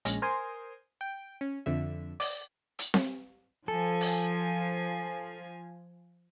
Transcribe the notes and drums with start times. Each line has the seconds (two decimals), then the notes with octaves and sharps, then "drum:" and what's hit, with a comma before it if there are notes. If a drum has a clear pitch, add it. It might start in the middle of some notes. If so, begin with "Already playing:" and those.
0.05 A#1 G#3 C#4 A#6, drum: hi-hat
0.22 A#4 C5 G#5 C6 D#6
1.01 G5
1.41 C#4
1.66 F2 D3 E5
2.20 D5, drum: open hi-hat
2.79 drum: hi-hat
2.94 drum: snare C4
3.68 F3 A4 G#5
4.01 drum: open hi-hat